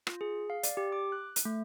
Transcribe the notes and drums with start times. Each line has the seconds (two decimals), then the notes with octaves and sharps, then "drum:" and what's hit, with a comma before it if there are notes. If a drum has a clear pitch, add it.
0.07 F4, drum: rim click
0.21 G#4
0.50 F5
0.63 D5, drum: hi-hat
0.77 G4
0.92 D6
1.12 F#6
1.36 drum: hi-hat
1.45 A3